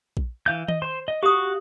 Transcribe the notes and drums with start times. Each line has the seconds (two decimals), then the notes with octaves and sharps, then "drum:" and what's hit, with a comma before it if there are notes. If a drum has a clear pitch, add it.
0.17 drum: kick A#1
0.46 E3 F5 G6
0.68 D#5, drum: tom D#3
0.82 C5 C6
1.08 D#5
1.23 F#4 G4 F5 C#6 D#6